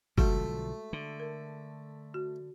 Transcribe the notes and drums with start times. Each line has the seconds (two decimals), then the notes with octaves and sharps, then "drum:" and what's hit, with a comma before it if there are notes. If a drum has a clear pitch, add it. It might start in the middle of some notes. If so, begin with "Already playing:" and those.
0.18 B1 D3 F3 G#3 A3 F#4, drum: kick F#1
0.93 D3
1.20 A#4
2.14 F#4